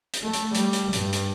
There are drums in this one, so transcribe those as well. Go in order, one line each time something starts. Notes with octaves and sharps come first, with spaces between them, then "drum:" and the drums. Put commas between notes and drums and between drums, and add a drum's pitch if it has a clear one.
drum: hi-hat
A3
drum: hi-hat
G3, drum: hi-hat
drum: hi-hat
G2, drum: hi-hat
drum: hi-hat